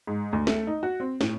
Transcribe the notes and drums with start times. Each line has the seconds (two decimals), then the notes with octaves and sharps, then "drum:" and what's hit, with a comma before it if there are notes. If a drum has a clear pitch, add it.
0.07 G#2
0.33 D2
0.47 A3, drum: snare
0.67 D#4
0.83 F#4
1.00 C4
1.21 A2, drum: snare